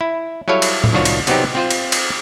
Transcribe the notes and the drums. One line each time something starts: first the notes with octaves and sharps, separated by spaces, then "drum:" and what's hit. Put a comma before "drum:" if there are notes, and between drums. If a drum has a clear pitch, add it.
E4
F#3 G3 E4 A4 C#5 F5
drum: cymbal
drum: tom A2
C2 D#3 D4 F4 F#4 C#5
drum: cymbal
C3 F#3 B3 C4 D#4 G4, drum: cymbal
C4 F4 C5
drum: cymbal
drum: cymbal